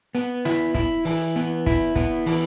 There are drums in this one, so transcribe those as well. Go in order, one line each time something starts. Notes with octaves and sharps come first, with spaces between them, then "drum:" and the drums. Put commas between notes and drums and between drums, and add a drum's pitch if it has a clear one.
B3, drum: hi-hat
E4, drum: snare
E4, drum: kick, hi-hat
E3, drum: open hi-hat
B3, drum: hi-hat
E4, drum: kick, hi-hat
B3, drum: kick, hi-hat
E3, drum: open hi-hat